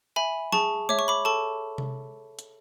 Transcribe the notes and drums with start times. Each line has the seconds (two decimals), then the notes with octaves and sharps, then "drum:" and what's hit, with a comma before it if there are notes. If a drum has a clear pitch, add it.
0.16 E5 G#5 B5
0.52 G#4 A5 C#6, drum: snare
0.89 C#5 E5 D6, drum: tom G#3
0.99 C#6
1.08 B5 D6
1.25 A4 A5 C#6
1.78 drum: tom C3
2.39 drum: hi-hat